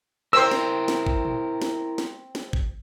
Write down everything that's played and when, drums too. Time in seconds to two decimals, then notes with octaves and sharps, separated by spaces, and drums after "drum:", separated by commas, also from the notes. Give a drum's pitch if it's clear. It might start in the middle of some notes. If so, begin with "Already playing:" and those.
0.33 C4 E4 A#4 C5 E6
0.51 drum: snare
0.88 drum: snare
1.06 drum: kick G1
1.25 drum: tom
1.62 drum: snare
1.98 drum: snare
2.35 drum: snare
2.53 drum: kick G1